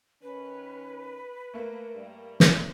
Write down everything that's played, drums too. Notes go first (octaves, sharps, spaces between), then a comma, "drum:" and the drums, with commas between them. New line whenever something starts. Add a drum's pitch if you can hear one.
D#3 C#4 B4
A3 A#3 A#4
G2 G3
drum: snare